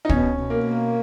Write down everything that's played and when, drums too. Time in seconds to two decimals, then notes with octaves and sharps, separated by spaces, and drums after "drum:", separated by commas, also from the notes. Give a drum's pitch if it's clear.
0.05 D#4
0.09 B2 C#4, drum: kick
0.37 B2
0.50 A#3
0.63 A#3